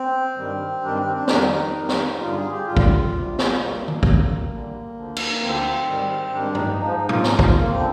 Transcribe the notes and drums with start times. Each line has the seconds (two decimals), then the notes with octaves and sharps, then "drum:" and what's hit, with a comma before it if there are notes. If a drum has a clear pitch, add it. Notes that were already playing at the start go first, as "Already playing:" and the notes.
Already playing: C4
0.36 G2 D#3 G3
0.82 G2 D#3 G3 D4
0.97 C4
1.13 D4
1.28 F2 D#3 G3 D#4, drum: snare
1.73 F2 D#3 G3
1.89 drum: snare
2.19 G2 D3 G3 F4
2.34 G#4
2.50 G4
2.65 G2 D3 G3 F4
2.77 drum: kick
3.11 D2 C3 G3
3.39 drum: snare
3.57 D2 C3 G3 A#3
3.88 drum: tom D#3
4.03 D2 D3 G3, drum: kick
4.49 D2 D3 G3
4.94 D2 D3 F3
5.17 drum: cymbal
5.40 D2 D3 F3 C4
5.86 G#2 D#3 G3
6.32 G#2 D#3 G3 D4
6.55 D#4, drum: tom G2
6.78 G#2 F3 D#4
6.94 D#4
7.09 F4, drum: tom
7.24 G#2 F3 D#4, drum: snare
7.39 F4, drum: kick
7.54 A#3
7.69 D3 F3 C4